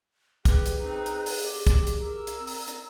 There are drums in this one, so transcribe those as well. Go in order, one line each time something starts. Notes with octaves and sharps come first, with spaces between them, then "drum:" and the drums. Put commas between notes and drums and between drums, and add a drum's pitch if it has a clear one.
G4 G#4 B4, drum: kick, hi-hat
drum: hi-hat
C4 D#4
drum: hi-hat
drum: open hi-hat
C4 G4
drum: kick, hi-hat
drum: hi-hat
A#4 E6
drum: hi-hat
C4
drum: open hi-hat
drum: hi-hat